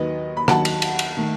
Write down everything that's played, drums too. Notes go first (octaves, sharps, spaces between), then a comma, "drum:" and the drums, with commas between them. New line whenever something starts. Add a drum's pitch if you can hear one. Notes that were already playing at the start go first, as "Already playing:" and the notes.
Already playing: D#2 D#3 F#3 B4 D#5
B5
D#2 D#3 F#3 F#5 A5, drum: rim click
drum: cymbal
drum: cymbal
drum: cymbal
D#3 A3